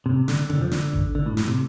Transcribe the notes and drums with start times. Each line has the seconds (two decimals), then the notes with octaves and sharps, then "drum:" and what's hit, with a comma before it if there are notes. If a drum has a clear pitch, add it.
0.06 C3
0.28 D3, drum: snare
0.50 D3, drum: tom B2
0.61 F3
0.71 D3, drum: snare
0.93 drum: kick G#1
1.15 D3
1.26 A2
1.37 A2, drum: snare
1.48 C3